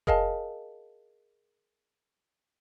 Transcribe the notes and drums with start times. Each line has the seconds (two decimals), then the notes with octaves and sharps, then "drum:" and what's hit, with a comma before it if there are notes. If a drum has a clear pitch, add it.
0.07 G#4 A#4 D#5 F5 G#5 A5, drum: kick F1